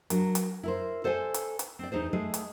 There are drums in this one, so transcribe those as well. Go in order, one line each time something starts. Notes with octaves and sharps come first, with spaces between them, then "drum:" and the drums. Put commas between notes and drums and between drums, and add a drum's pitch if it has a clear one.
F#3 D4 A#4, drum: hi-hat
drum: hi-hat
E4 A#4 C5
A4 C5 D5 F#5 G#5
drum: hi-hat
drum: hi-hat
C4 D5
E2 D#4 G#4 C5
G#3 A3 G#4
drum: hi-hat